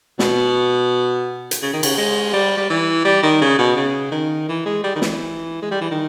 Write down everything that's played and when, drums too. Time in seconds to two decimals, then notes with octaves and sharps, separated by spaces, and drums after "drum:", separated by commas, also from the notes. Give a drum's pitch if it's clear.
0.19 B2, drum: snare
1.51 drum: hi-hat
1.62 C#3
1.73 D#3
1.83 C#3, drum: cymbal
1.98 G#3
2.33 G3
2.57 G3
2.70 E3
3.05 G3
3.23 D#3
3.41 C#3
3.58 B2
3.76 C#3
4.12 D#3
4.49 E3
4.66 G#3
4.84 G3
4.96 D#3
5.02 E3, drum: snare
5.62 G#3
5.71 G3
5.81 E3
5.91 D#3